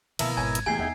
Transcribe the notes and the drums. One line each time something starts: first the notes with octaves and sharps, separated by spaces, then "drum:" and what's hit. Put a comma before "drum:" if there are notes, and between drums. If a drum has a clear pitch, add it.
B2 D#3 F3 E4 A#4 E5 F5 A5, drum: cymbal
G#1 C#5 G#5 G#6
drum: hi-hat
E2 A2 C3 E3 G#4 G5 G#5 C7
E2 B3 D#4 E5 F#5